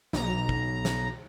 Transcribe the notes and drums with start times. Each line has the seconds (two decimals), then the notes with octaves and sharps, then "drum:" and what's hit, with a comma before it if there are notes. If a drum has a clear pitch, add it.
0.13 B1 A#5, drum: snare
0.49 drum: kick
0.85 drum: snare